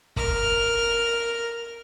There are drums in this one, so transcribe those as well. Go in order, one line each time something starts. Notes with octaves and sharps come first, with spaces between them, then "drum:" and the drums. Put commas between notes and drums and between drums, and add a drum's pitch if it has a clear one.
A#4 F6, drum: kick